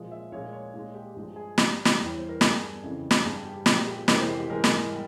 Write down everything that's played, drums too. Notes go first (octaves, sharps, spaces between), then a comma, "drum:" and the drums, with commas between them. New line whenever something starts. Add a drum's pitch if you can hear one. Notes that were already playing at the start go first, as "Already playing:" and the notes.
Already playing: A#2 F3 G#3
E5
A#2 F3 G#3 C#5
C#5
A#2 G#3
G4
G2 F3 G#3 G4
G#4
G2 G3 G4, drum: snare
drum: snare
E2 E3 G3
C#5
C5
A#4
G2 G3 G#4, drum: snare
F2 C#3 E3
drum: snare
G2 G3 G#4
G4
A#2 F3 G#3 G4, drum: snare
G4
F2 C3 E3 G#3 A#4, drum: snare
C5
G4
G4
G#2 E3 G#3 A#4
drum: snare
G3